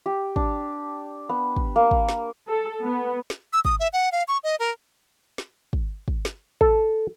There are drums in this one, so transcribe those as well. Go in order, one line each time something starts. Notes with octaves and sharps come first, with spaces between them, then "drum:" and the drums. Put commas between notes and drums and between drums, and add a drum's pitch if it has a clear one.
G4
D4, drum: kick
B3
drum: kick
A#3
drum: kick
drum: snare
A4
B3
drum: snare
E6
D#6, drum: kick
E5
F#5
F5
C#6
D#5
A#4
drum: snare
drum: kick
drum: kick
drum: snare
A4, drum: kick